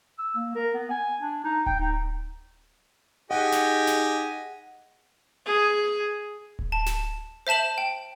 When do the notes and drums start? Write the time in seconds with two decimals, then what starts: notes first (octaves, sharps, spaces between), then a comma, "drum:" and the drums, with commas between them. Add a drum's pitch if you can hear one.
0.18 E6
0.35 A#3
0.55 A#4
0.74 B3
0.91 G#5
1.21 D4
1.45 D#4
1.66 G5, drum: kick D1
1.80 D#4
3.31 D#4 G4 G#4 D#5 F#5 G#5
3.52 drum: snare
3.87 drum: snare
5.46 G#4
6.59 drum: kick D1
6.72 A5
6.87 drum: snare
7.47 C5 E5 A5 E7 F#7
7.78 G5